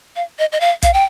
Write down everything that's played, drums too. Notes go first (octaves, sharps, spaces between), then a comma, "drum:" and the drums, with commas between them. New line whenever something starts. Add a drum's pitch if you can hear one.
F5
D#5
D#5
F5
F5, drum: kick, hi-hat
G5